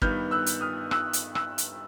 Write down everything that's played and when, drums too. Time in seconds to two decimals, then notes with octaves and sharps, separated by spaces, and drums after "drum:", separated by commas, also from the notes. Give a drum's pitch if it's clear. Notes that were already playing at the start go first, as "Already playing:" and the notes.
0.02 G2 D#3 G3 B3 F6 G6, drum: kick
0.31 E6 F#6
0.46 drum: hi-hat
0.61 D#6 F6
0.91 E6 F#6, drum: rim click
1.13 drum: hi-hat
1.35 E6 F#6, drum: rim click
1.58 drum: hi-hat